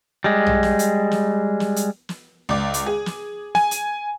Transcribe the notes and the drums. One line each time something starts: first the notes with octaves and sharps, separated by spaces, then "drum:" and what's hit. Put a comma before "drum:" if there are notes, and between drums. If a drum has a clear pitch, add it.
G3 G#3
drum: tom A#1
drum: snare
drum: hi-hat
drum: snare
drum: snare
drum: hi-hat
drum: snare
C#2 D5 D6
drum: hi-hat
G#4
drum: snare
G#5, drum: snare
drum: hi-hat